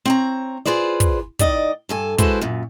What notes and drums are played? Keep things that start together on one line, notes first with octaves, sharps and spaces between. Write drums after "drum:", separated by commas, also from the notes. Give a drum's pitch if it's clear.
C4 C#5 A#5
F4 G#4 B4 C5 D5
drum: kick, hi-hat
D#3 D5 D#5, drum: kick, hi-hat
G2 A4 G#5
G#3 E4 F#4 A4 B4 C5, drum: kick, hi-hat
F#2 A#2